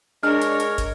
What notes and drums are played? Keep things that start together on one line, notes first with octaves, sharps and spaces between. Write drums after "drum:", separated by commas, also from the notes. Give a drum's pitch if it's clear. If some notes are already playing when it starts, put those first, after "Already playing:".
G#3 D4 A#4 C#5 F6
drum: hi-hat
drum: hi-hat
drum: kick, hi-hat